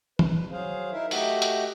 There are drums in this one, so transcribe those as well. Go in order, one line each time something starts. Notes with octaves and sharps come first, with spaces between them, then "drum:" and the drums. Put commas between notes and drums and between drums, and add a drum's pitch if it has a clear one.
B4, drum: tom
F#3 G#4 C5 F5
D#4 E4 A#4 E5
A3 F#4 G4 D#5 E5 F#5, drum: open hi-hat
drum: hi-hat